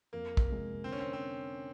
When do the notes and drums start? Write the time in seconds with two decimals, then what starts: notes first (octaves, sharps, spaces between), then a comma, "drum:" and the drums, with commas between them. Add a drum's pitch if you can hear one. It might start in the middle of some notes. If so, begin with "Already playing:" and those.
0.13 F2 A#3
0.37 drum: kick
0.49 C3 F3 G#3
0.84 D3 C4
0.92 C#4
1.00 C4
1.13 C4